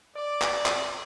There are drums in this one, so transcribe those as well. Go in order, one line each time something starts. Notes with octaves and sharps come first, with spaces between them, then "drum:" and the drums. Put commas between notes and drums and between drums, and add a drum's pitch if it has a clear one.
D5
drum: clap
drum: clap